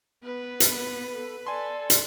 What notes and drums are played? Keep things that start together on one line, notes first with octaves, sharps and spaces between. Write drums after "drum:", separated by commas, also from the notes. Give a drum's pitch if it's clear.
B3 B4
drum: hi-hat
A4
A4 D5 G#5 C6
drum: hi-hat